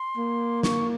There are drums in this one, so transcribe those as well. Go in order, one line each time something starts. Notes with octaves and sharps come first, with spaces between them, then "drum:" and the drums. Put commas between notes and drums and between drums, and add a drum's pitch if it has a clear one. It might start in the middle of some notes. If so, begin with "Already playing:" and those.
Already playing: C6
A#3
C#6, drum: snare